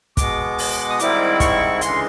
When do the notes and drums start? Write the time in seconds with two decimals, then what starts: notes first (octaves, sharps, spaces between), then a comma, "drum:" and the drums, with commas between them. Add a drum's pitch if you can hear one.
0.17 B2 G#3 B3 D6, drum: kick, hi-hat
0.58 drum: open hi-hat
0.90 D#6
0.99 G#2 D#3 G3 C4 E4 D6, drum: hi-hat
1.40 C#6, drum: kick, hi-hat
1.81 D2 C#3 E3 G#3 C6, drum: hi-hat